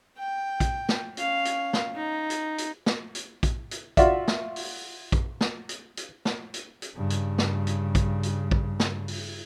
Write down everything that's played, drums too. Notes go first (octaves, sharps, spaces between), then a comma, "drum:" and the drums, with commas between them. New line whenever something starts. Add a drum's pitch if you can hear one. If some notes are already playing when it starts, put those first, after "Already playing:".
G5
drum: kick, hi-hat
drum: snare
C#4 F5, drum: hi-hat
drum: hi-hat
drum: snare
D#4
drum: hi-hat
drum: hi-hat
drum: snare
drum: hi-hat
drum: kick, hi-hat
drum: hi-hat
F4 F#4 D5 E5, drum: kick, hi-hat
drum: snare
drum: open hi-hat
drum: kick, hi-hat
drum: snare
drum: hi-hat
drum: hi-hat
drum: snare
drum: hi-hat
drum: hi-hat
G2 C#3
drum: hi-hat
drum: snare
drum: hi-hat
drum: kick, hi-hat
drum: hi-hat
drum: kick
drum: snare
drum: open hi-hat